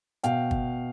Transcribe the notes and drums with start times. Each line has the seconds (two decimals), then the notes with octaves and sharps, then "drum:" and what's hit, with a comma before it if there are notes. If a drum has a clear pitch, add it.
0.23 B2 F5 G5, drum: hi-hat
0.51 drum: kick